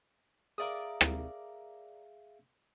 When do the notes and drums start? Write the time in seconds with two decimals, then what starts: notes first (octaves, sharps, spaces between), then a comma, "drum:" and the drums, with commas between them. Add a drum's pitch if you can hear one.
0.58 G#4 A#4 D5 E5 F5 D#6
1.01 drum: rim click